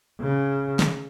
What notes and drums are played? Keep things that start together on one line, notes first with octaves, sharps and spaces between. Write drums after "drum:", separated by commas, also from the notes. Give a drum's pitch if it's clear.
C#3
drum: snare